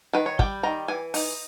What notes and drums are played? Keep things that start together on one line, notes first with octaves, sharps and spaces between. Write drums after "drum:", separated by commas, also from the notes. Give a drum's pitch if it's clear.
D#3 B4
C#5
G3 G5, drum: kick
D#3 A#5
E3 G#5
D#4, drum: open hi-hat